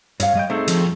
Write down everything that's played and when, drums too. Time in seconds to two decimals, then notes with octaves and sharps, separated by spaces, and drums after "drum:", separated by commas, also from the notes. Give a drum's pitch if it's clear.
0.20 G2 C#5 F5, drum: hi-hat
0.35 G3 D#5 G5
0.50 A3 C4 D#4 G#4 A4 C5
0.68 F2, drum: hi-hat